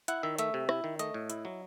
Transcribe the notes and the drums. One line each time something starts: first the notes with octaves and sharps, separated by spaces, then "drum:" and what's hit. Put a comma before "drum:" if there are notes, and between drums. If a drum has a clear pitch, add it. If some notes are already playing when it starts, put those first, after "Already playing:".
E4 F#5, drum: hi-hat
D#3 E5
A3 E5, drum: hi-hat
C3
E4, drum: rim click
D#3
A3 D#5, drum: hi-hat
A2
E4, drum: hi-hat
F#3